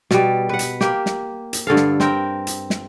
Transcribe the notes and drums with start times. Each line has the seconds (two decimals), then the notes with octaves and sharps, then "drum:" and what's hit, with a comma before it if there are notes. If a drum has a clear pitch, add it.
0.11 B2 G3, drum: snare
0.49 B4 F#5
0.59 drum: hi-hat
0.81 A#3 G4, drum: snare
1.06 drum: snare
1.53 drum: hi-hat
1.67 G2 D3 A4 F5
1.76 drum: snare
2.00 C4 A#4 G5, drum: snare
2.47 drum: hi-hat
2.70 drum: snare